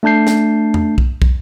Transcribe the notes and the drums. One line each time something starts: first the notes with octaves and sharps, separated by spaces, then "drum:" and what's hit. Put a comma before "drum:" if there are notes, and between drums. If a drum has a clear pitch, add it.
A3 D4 A5 G6 C7
drum: snare
drum: tom E2
drum: kick
drum: kick